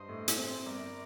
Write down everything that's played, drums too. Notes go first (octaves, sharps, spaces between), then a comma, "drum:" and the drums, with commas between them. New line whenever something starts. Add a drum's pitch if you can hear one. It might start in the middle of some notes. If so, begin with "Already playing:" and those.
Already playing: G2 C5 D#5
A2
drum: hi-hat
C4
G1 A#4 D5